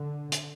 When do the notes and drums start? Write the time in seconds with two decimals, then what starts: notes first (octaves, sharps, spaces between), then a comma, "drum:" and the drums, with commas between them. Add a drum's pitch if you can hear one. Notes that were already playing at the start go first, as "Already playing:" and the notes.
Already playing: D3
0.32 drum: hi-hat